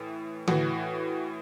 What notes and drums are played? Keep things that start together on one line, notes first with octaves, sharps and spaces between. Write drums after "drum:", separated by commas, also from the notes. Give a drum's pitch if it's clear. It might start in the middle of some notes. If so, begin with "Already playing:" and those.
Already playing: A2 E3
A2 E3 F#4, drum: tom D3